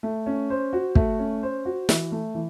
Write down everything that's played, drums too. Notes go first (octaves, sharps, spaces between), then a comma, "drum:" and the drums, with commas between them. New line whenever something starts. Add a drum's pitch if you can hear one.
A3
C#4
C5
F#4
A3, drum: kick
C#4
C5
F#4
E3, drum: snare
A3
E3